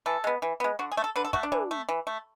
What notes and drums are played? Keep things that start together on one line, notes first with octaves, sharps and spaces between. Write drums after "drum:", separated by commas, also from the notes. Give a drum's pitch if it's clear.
E3 A4
G#3 B3
E3
G#3 B3
D3 F#4
G#4
A3
A4
D3 B4
A4
A3 F#4, drum: kick
D4
E3, drum: tom
A3
E3
A3